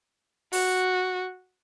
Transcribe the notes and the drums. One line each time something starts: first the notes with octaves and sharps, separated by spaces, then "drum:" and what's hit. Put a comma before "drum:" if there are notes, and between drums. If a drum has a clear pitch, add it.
F#4, drum: open hi-hat